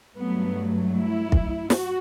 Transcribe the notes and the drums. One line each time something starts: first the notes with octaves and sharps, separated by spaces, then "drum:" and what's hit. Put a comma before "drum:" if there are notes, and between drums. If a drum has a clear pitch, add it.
G2 F#3 A3 B3
E4
drum: kick
F#4, drum: snare